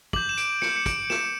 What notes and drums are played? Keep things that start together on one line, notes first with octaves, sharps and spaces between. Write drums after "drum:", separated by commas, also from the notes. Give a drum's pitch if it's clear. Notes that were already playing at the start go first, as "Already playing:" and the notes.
D6 G6 F#7, drum: kick
E7
D7, drum: hi-hat
C#7, drum: snare
C#7
D7, drum: kick, hi-hat
E7, drum: snare